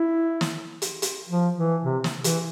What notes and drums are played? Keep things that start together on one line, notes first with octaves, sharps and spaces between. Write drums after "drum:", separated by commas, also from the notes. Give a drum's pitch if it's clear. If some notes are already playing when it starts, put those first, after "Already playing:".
Already playing: E4
drum: snare
drum: hi-hat
drum: hi-hat
F3
E3
C3
drum: snare
E3, drum: hi-hat